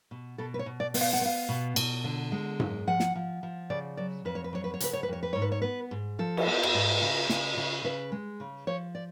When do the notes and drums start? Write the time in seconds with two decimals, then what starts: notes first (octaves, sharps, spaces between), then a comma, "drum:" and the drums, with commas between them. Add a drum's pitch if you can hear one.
0.11 B2
0.38 B2 A4
0.54 B4
0.59 C#5
0.66 B2
0.80 D5
0.94 B3, drum: open hi-hat
1.01 F5
1.13 F#5
1.21 B3 F5
1.49 B2
1.76 B2, drum: cymbal
2.04 D3
2.32 G#3
2.60 F#2, drum: tom G#2
2.87 F3 F#5
3.00 drum: snare
3.15 F3
3.43 F3
3.70 C#3 D5
3.97 F#3 D5
4.25 F2 B4
4.35 C#5
4.44 B4
4.53 F#3 C#5
4.64 B4
4.74 C#5
4.80 C#3 B4, drum: hi-hat
4.93 C#5
5.03 B4
5.08 F2 C#5
5.23 B4
5.33 G#2 C#5
5.42 B4
5.52 C#5
5.62 B3 B4
5.91 G#2
6.19 F3 A4
6.37 drum: cymbal
6.47 B3
6.63 drum: rim click
6.74 G#2
7.02 C#3
7.29 C#3, drum: snare
7.57 C#3
7.84 C#3 B4
8.12 G#3
8.40 C#3
8.67 F3 C#5
8.95 D5